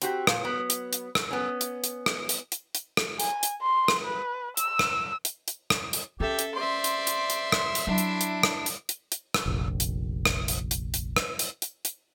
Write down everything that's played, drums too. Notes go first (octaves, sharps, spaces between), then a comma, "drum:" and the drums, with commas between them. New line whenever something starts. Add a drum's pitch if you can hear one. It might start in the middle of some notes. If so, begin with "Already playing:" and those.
C4 F#4 G4, drum: hi-hat
A#2, drum: rim click
F#3 B3
drum: hi-hat
drum: hi-hat
drum: rim click
B3 C#4
drum: hi-hat
drum: hi-hat
drum: rim click
drum: hi-hat
drum: hi-hat
drum: hi-hat
drum: rim click
G#5, drum: hi-hat
drum: hi-hat
C6
drum: rim click
B4
E6, drum: hi-hat
drum: rim click
drum: hi-hat
drum: hi-hat
drum: rim click
drum: hi-hat
C#4 G4 A4 E5
drum: hi-hat
C5 D5 E5 C6
drum: hi-hat
drum: hi-hat
drum: hi-hat
drum: rim click
drum: hi-hat
F#3 D4 E4
drum: hi-hat
drum: hi-hat
drum: rim click
drum: hi-hat
drum: hi-hat
drum: hi-hat
drum: rim click
F1 A#1
drum: hi-hat
drum: rim click
drum: hi-hat
drum: hi-hat
drum: hi-hat
drum: rim click
drum: hi-hat
drum: hi-hat
drum: hi-hat